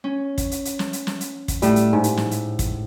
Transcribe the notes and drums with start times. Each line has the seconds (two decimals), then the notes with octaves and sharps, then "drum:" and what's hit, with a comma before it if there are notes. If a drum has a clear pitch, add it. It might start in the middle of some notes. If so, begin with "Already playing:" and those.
0.04 C#4
0.38 drum: kick, hi-hat
0.51 drum: hi-hat
0.65 drum: hi-hat
0.79 drum: snare
0.93 drum: hi-hat
1.07 drum: snare
1.21 drum: hi-hat
1.48 drum: kick, hi-hat
1.62 A2 G3, drum: hi-hat
1.76 drum: hi-hat
1.93 G#2
2.04 drum: hi-hat
2.17 drum: snare
2.31 drum: hi-hat
2.59 drum: kick, hi-hat